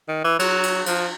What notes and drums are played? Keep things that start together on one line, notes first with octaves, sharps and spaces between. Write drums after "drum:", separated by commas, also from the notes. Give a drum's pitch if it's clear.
D#3
E3
F#3, drum: cymbal
drum: cymbal
F3, drum: cymbal